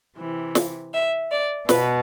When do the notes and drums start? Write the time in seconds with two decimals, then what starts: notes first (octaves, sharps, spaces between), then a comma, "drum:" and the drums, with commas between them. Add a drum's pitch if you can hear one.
0.17 C3 E3
0.55 drum: snare
0.93 E5
1.31 D5
1.69 B2 B4, drum: snare